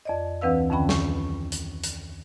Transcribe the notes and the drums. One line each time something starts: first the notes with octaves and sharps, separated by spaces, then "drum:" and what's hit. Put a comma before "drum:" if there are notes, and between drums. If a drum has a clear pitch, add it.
F2 D5 D#5
D2 E3 C4 B4 F5 E6
F2 D3 D#3 C#4 G5 B5
C#6, drum: snare
drum: hi-hat
drum: hi-hat